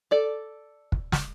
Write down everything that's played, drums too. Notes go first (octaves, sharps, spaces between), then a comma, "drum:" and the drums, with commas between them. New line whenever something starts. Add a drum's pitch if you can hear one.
A4 D5
drum: kick
drum: snare